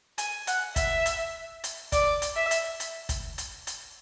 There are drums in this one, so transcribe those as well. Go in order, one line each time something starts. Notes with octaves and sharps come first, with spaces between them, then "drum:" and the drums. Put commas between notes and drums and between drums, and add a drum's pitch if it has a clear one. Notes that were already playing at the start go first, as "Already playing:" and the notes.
G#5, drum: hi-hat
F#5, drum: hi-hat
E5, drum: kick, hi-hat
drum: hi-hat
drum: hi-hat
D5, drum: kick, hi-hat
drum: hi-hat
E5
drum: hi-hat
drum: hi-hat
drum: kick, hi-hat
drum: hi-hat
drum: hi-hat